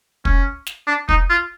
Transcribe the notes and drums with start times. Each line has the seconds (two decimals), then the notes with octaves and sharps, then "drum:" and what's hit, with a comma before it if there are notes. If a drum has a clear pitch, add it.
0.25 C#4, drum: kick
0.67 drum: snare
0.87 D4
1.09 D#4, drum: kick
1.30 F4